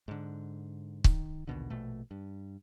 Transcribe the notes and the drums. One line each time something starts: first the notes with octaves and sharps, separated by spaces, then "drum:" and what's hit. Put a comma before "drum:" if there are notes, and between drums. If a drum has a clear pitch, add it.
G#2 D3
D#3, drum: kick C#1
A#1 D#2 B2 D3
A#1 B2 A3
G2